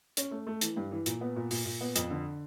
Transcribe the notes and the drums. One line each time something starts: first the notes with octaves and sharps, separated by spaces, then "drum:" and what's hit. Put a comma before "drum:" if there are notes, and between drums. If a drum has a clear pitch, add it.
C#4, drum: hi-hat
A3
A3
E3, drum: hi-hat
G2
E3
A#2, drum: hi-hat
B3
A#2
A#2, drum: open hi-hat
A#2
B3
F2, drum: hi-hat
D3